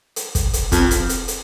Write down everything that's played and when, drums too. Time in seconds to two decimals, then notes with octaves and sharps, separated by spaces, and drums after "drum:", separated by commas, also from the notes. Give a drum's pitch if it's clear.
0.16 drum: hi-hat
0.35 drum: kick, hi-hat
0.53 drum: hi-hat
0.72 F2, drum: kick, hi-hat
0.91 drum: hi-hat
1.09 drum: hi-hat
1.28 drum: hi-hat